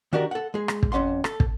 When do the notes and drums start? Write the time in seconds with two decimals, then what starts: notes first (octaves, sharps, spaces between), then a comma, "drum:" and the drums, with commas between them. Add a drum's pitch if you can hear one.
0.13 D#3 D4 F#4 G4 A#4
0.31 A4 F#5
0.54 G#3 G#4
0.68 drum: rim click
0.83 drum: kick
0.92 F2 B3 C#4 F#5 C6
1.24 A4, drum: rim click
1.40 drum: kick